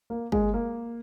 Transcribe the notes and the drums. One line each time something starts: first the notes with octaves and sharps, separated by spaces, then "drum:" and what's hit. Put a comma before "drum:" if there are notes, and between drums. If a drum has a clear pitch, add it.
A#3
G#3, drum: kick G1
A#3